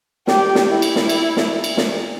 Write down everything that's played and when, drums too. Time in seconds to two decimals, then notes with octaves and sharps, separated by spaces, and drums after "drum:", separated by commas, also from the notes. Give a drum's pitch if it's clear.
0.27 G4, drum: snare
0.55 drum: snare
0.68 E4
0.82 drum: cymbal
0.96 drum: snare
1.09 drum: cymbal
1.37 drum: snare
1.64 drum: cymbal
1.77 drum: snare